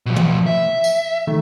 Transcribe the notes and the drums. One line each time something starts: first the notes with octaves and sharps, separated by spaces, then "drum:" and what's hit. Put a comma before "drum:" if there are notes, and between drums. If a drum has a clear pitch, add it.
B2 F3
drum: tom
E5
drum: tambourine
D#3 A3